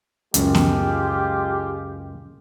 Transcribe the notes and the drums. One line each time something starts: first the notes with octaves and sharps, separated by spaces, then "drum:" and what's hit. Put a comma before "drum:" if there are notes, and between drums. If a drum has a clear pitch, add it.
C#2 F#2 G#3 F4 G4, drum: hi-hat
drum: snare B3